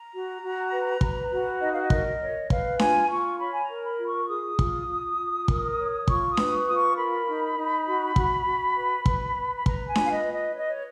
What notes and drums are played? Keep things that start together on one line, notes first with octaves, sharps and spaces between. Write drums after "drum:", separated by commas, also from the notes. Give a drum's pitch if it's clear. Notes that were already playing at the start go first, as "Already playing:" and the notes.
Already playing: A#5
F#4
F#4
B4
B4, drum: kick
F#4
D#4 D#5
F5
D#5
A#4, drum: kick
C#5
B4 F5, drum: kick
F4 G#5, drum: snare D4
F4 C#6
C#5 B5
G#5
A#5
A#4
B5
F4
C#6
G#4 D#6
F4, drum: kick
F4
F4
A#4, drum: kick
C#5
F4 C#6, drum: kick
D#6
B4, drum: snare D4
C#6
F4 D#6
C#6
A#4 B5
D#4
D#4
F#4
F#4, drum: kick
F#4
B4
B4, drum: kick
B4
B5
B4 A#5, drum: kick
G#5
F4, drum: snare D4
F5
D#5
B4
D#5
C#5 D#5
C#5